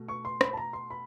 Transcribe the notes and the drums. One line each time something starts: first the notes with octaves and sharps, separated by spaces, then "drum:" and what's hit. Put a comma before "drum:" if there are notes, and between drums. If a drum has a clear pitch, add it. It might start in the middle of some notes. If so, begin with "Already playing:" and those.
Already playing: B2 A3
C#6
C6
B5, drum: rim click
A5
A#5
C6
B5